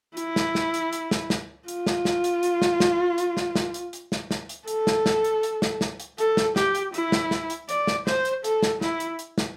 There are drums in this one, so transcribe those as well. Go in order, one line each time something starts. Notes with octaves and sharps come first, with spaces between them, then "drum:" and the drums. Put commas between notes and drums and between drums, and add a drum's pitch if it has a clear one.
E4, drum: hi-hat
drum: snare
drum: snare
drum: hi-hat
drum: hi-hat
drum: snare
drum: snare
F4, drum: hi-hat
drum: snare
drum: snare
drum: hi-hat
drum: hi-hat
drum: snare
drum: snare
drum: hi-hat
drum: snare
drum: snare
drum: hi-hat
drum: hi-hat
drum: snare
drum: snare
drum: hi-hat
A4, drum: hi-hat
drum: snare
drum: snare
drum: hi-hat
drum: hi-hat
drum: snare
drum: snare
drum: hi-hat
A4, drum: hi-hat
drum: snare
G4, drum: snare
drum: hi-hat
E4, drum: hi-hat
drum: snare
drum: snare
drum: hi-hat
D5, drum: hi-hat
drum: snare
C5, drum: snare
drum: hi-hat
A4, drum: hi-hat
drum: snare
E4, drum: snare
drum: hi-hat
drum: hi-hat
drum: snare